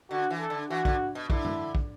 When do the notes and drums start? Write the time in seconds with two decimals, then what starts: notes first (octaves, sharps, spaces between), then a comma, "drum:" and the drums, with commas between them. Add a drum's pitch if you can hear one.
0.11 D3 F#4
0.30 E3
0.40 A4
0.50 D3
0.70 E3 F#4
0.85 D3, drum: kick
1.15 B2
1.30 D3 E4, drum: kick
1.45 drum: tom F#2
1.75 drum: kick